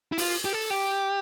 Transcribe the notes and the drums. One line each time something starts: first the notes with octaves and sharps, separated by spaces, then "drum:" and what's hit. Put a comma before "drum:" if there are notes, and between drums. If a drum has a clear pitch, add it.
E4
F4, drum: open hi-hat
G4
A4
G4